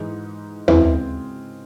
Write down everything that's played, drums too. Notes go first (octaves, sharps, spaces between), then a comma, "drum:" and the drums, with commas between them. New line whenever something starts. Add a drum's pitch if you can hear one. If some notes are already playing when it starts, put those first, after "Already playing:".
Already playing: G#2 E3 G#3 D#4
C#3 E3 G#3 C4, drum: tom D#2